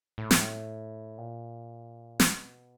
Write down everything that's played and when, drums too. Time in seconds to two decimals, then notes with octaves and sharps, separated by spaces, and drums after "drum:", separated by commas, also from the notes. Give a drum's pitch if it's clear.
0.18 A2
0.31 drum: snare
1.18 A#2
2.20 B2, drum: snare